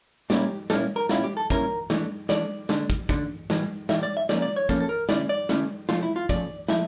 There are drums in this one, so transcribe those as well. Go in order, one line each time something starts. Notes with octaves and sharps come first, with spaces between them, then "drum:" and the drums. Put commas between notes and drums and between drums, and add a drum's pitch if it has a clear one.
A#2 G3 A#3 C#4 E4 G4, drum: snare
A#2 G3 A#3 C#4 E4 A4, drum: snare
A#4
A#2 G3 C#4 E4 F4, drum: snare
G4
A4
A#2 G3 C#4 E4 A#4, drum: kick, hi-hat
E3 A3 D4, drum: snare
E3 A3 D4 D5, drum: snare
D3 A3 D4, drum: snare
drum: kick
D3 A3 D4, drum: kick, hi-hat
A2 E3 G3, drum: snare
A2 E3 G3 E5, drum: snare
D5
E5
C#3 F3 A#3 C#4 D5, drum: snare
D5
C#5
C#3 F3 A#3 C#4 A4, drum: kick, hi-hat
A4
A#4
D3 A3 C#4 E4 D5, drum: snare
D5
D3 A3 C#4 E4, drum: snare
C#3 F3 A3 F4, drum: snare
E4
F4
C#3 F3 A3 D5, drum: kick, hi-hat
F3 A3 E4 E5, drum: snare